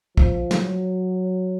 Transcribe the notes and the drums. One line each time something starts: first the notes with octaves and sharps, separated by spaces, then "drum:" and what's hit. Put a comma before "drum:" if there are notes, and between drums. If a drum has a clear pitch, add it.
F3, drum: kick
drum: snare
F#3